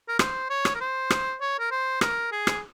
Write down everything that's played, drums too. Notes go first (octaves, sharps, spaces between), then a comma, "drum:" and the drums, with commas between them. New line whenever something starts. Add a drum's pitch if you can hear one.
A#4
C5, drum: rim click
C#5
drum: rim click
A#4
C5
drum: rim click
C#5
A#4
C5
A#4, drum: rim click
G#4
drum: rim click